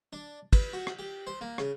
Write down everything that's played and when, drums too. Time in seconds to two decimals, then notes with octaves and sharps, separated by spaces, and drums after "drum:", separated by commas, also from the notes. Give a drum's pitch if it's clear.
0.13 D4
0.53 B4, drum: kick, cymbal
0.73 F#4
0.87 drum: rim click
0.99 G4
1.27 C5
1.41 A#3
1.58 C#3, drum: rim click